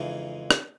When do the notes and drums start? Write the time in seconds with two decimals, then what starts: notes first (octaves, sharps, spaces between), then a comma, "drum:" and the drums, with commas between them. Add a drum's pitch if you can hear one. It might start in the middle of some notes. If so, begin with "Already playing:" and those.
Already playing: F2 C#3 E3 G#3 D#4
0.51 drum: rim click